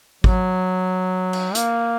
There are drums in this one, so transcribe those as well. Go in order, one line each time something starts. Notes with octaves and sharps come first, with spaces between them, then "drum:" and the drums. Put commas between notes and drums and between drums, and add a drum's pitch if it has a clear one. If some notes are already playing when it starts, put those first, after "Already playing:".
F#3, drum: kick G#1
drum: cymbal
A#3, drum: hi-hat